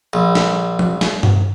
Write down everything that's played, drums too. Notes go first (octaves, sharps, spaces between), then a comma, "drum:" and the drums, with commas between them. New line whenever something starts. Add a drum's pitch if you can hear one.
A#1
drum: snare
drum: tom F3
drum: snare
drum: tom G2